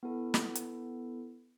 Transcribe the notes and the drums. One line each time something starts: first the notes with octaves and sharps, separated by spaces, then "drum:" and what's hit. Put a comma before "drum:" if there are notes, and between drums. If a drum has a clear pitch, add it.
B3 E4 A4
drum: snare
drum: hi-hat